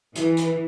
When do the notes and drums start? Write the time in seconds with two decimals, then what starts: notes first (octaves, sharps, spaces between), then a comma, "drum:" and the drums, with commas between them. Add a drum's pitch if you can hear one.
0.15 E3, drum: hi-hat
0.37 drum: hi-hat